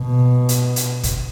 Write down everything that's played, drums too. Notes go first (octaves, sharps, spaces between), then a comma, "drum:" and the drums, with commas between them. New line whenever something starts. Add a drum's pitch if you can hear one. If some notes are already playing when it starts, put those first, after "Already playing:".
Already playing: B2
drum: hi-hat
drum: hi-hat
drum: kick, hi-hat